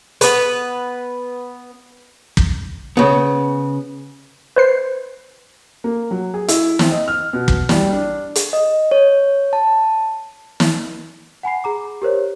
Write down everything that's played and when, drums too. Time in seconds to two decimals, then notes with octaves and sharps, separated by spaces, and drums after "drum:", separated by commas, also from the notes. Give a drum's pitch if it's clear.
0.21 B3 B4, drum: hi-hat
2.37 drum: kick
2.97 C#3 B3
4.56 B4 C5 C7
5.84 A#3
6.11 F#3
6.34 G#4
6.48 E4, drum: hi-hat
6.79 C4, drum: snare
6.91 D#5
7.08 F6
7.33 B2
7.48 drum: kick
7.69 G3, drum: snare
7.92 D4
8.35 drum: hi-hat
8.53 D#5
8.91 C#5
9.53 A5
10.60 drum: snare
11.43 F#5 G#5 B5 C7
11.64 G#4 A#5 D6
12.02 G4 A#4 C5 C#5